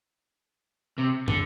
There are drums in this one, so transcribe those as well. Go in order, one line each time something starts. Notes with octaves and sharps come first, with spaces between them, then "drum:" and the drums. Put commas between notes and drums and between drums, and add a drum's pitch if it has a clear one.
C3
D3, drum: tom